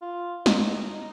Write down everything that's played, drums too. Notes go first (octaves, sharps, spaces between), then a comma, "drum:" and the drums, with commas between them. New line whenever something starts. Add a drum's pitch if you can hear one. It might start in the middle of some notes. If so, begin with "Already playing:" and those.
F4
D#4, drum: snare